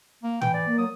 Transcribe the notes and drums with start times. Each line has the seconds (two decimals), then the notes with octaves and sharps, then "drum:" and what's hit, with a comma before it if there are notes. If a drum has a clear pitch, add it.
0.23 A#3
0.41 E3 G5, drum: tom A2
0.54 D5
0.66 A#3
0.78 F#3 D#6